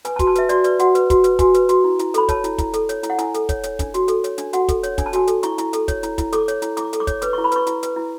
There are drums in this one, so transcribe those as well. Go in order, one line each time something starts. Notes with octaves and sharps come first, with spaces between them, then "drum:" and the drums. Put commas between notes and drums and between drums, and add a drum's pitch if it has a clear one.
B4 G#5, drum: hi-hat
A5
F#4, drum: kick, hi-hat
A5
B4 E5, drum: hi-hat
F#4 D5, drum: hi-hat
B4 D5, drum: hi-hat
F#4 F#5, drum: hi-hat
B4, drum: hi-hat
F#4, drum: kick, hi-hat
B4, drum: hi-hat
F#4 G#5, drum: kick, hi-hat
B4, drum: hi-hat
F#4, drum: hi-hat
E4
E4, drum: hi-hat
A4 B5, drum: hi-hat
C#5 A5, drum: kick, hi-hat
E4, drum: hi-hat
E4, drum: kick, hi-hat
A4, drum: hi-hat
C#5, drum: hi-hat
E4, drum: hi-hat
F#5
E4 G#5, drum: hi-hat
A4, drum: hi-hat
C#5, drum: kick, hi-hat
C#5, drum: hi-hat
D4, drum: kick, hi-hat
F#4, drum: hi-hat
A4, drum: hi-hat
C#5, drum: hi-hat
D4, drum: hi-hat
F#4 F#5, drum: hi-hat
A4, drum: kick, hi-hat
C#5, drum: hi-hat
D4 G#5, drum: kick, hi-hat
A5
F#4 G#5, drum: hi-hat
A4, drum: hi-hat
E4 C#6, drum: hi-hat
E4, drum: hi-hat
A4, drum: hi-hat
C#5, drum: kick, hi-hat
E4, drum: hi-hat
E4, drum: kick, hi-hat
A4 D6, drum: hi-hat
C#5, drum: hi-hat
E4, drum: hi-hat
E4 D6, drum: hi-hat
A4, drum: hi-hat
D6
C#5, drum: kick, hi-hat
B4 D6, drum: hi-hat
E4 C#6
B5
B4 C#6, drum: hi-hat
E4, drum: hi-hat
B4, drum: hi-hat
E4